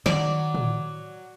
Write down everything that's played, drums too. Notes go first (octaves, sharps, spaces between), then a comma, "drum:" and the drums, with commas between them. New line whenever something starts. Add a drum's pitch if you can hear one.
D#3 F#3 D5, drum: snare
drum: tom